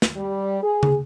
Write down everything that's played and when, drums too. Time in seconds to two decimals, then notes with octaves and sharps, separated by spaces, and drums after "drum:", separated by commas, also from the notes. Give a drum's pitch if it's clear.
0.02 drum: snare
0.17 G3
0.63 G#4
0.83 drum: tom